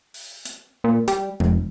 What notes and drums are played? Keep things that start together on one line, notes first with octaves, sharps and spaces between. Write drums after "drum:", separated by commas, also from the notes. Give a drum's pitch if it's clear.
drum: open hi-hat
drum: hi-hat
A#2
G3, drum: hi-hat
F1, drum: tom G#3